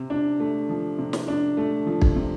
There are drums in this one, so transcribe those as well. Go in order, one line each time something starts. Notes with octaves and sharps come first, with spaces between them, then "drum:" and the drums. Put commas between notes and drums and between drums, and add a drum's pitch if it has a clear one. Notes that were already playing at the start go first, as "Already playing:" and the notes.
Already playing: C3
D4
A3
F3
C3
drum: snare
D4
A3
F3
drum: kick
C3